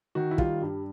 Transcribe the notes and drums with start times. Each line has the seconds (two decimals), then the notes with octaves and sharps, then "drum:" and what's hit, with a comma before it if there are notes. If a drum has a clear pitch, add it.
0.15 D#3 F#4
0.31 E4
0.38 G3 F4, drum: kick
0.62 G2